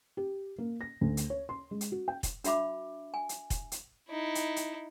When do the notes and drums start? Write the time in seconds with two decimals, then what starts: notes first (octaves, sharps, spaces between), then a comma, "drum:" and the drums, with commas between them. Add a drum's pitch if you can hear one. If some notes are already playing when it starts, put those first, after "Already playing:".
0.17 G4
0.58 A#3
0.81 A#6
1.01 D2
1.17 drum: hi-hat
1.30 C#5
1.49 C6
1.71 G#3
1.81 drum: hi-hat
1.92 F#4
2.08 G5
2.23 drum: kick, hi-hat
2.44 D4 F#4 E5 B5 D6, drum: hi-hat
3.14 G#5
3.29 drum: hi-hat
3.50 drum: kick, hi-hat
3.72 drum: hi-hat
4.09 D#4 E4
4.35 drum: hi-hat
4.56 drum: hi-hat